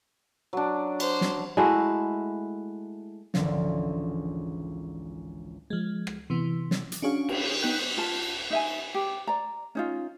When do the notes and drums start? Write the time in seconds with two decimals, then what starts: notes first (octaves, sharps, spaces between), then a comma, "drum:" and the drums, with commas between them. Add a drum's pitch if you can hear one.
0.53 F#3 D4
1.00 C5, drum: cymbal
1.21 drum: snare
1.57 G#3 A3 E4 F#4
3.34 G#1 C#2 D3 E3 F3, drum: snare
5.70 F3 G#3
6.07 drum: rim click
6.30 C3 E3 B3
6.71 drum: snare
6.92 drum: hi-hat
7.02 C#4 D4 F#4 G#4 C#5 F5
7.29 drum: cymbal
7.62 B3 D#4 G5 F#6 G6
7.97 F4 A5
8.50 D#4 E5 G#5
8.95 G4
9.27 D5 A#5
9.75 C#4 D#4 F4